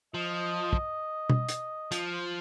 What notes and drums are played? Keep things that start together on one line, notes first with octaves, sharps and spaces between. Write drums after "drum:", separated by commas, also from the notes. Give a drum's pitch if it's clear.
F3 D#5
drum: kick
drum: tom B2
drum: hi-hat
F3, drum: hi-hat